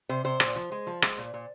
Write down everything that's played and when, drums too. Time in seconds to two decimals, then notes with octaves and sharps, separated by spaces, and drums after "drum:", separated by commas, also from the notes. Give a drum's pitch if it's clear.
0.09 C3 C5
0.24 C3 C5
0.40 A#2, drum: rim click
0.56 F3
0.72 G#3
0.87 F3
1.02 G#3, drum: rim click
1.18 A#2
1.34 A#2